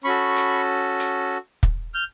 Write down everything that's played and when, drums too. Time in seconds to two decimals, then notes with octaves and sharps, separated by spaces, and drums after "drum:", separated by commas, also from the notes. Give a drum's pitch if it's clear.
0.04 C#4 F#4 A4 B5 C#6
0.36 drum: hi-hat
1.00 drum: hi-hat
1.63 drum: kick
1.94 F6 G6